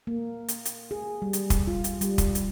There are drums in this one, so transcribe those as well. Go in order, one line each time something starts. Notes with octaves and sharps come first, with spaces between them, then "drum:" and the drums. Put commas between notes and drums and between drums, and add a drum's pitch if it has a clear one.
A#3
drum: hi-hat
drum: hi-hat
G#4
G3
drum: hi-hat
drum: kick, hi-hat
F4
drum: hi-hat
G3, drum: hi-hat
drum: kick, hi-hat
drum: hi-hat